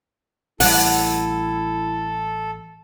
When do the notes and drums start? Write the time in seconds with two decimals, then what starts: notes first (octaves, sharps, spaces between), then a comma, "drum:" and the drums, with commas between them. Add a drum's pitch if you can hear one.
0.60 A1 G3 E4 A4 F#5, drum: open hi-hat